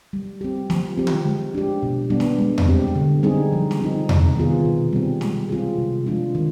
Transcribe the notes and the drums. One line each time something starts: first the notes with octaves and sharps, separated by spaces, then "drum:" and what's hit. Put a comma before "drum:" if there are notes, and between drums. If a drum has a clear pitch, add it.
G3
C4 G4
F3, drum: snare
C4 G4
drum: tom D3
G#3
D4 G4
B2
G3 B3 D4
drum: snare
G#3
drum: tom E2
C4 G4
D3
G3 C4 D#4 G#4
F3
drum: snare
C4 D#4
C3, drum: tom E2
D#3 B3 F4 G#4
B2
G3 C4
G#3, drum: snare
C4 F4 G#4
C3
F3 G#3 D4 F4
D#3